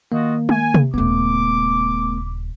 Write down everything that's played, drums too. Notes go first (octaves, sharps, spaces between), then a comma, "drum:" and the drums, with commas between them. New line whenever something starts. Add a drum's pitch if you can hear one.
D#3 A#3 F4 F#4 D#5
G#5, drum: tom
drum: tom C3
D#1 C#3 A3 B3 D6